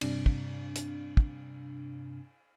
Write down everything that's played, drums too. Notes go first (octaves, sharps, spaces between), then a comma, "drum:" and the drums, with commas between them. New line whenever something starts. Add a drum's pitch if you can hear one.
G2 C3 D4, drum: cymbal
drum: kick
drum: hi-hat
drum: kick